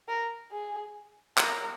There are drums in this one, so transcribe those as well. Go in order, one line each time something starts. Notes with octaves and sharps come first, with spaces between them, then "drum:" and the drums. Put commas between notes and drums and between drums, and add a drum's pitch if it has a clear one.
A#4
G#4
A#4, drum: clap